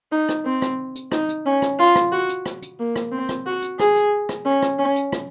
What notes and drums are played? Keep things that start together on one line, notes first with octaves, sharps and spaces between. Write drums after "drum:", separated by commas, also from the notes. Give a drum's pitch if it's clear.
D#4
drum: rim click
C4
drum: rim click
drum: hi-hat
D#4, drum: rim click
drum: hi-hat
C#4
drum: rim click
F4
drum: rim click
F#4
drum: hi-hat
drum: rim click
drum: hi-hat
A#3
drum: rim click
C4
drum: rim click
F#4
drum: hi-hat
G#4, drum: rim click
drum: hi-hat
drum: rim click
C#4
drum: rim click
C#4
drum: hi-hat
drum: rim click